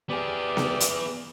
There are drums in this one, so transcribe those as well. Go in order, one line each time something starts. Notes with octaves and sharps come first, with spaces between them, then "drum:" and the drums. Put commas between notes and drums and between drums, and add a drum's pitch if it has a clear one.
B3 G4 G#4 D5
drum: snare B3
drum: hi-hat